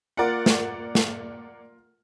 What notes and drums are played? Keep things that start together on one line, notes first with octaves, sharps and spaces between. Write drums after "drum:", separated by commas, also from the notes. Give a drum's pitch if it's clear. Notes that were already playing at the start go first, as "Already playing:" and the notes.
A#3 F4 A#4 D5 F#5
drum: snare
drum: snare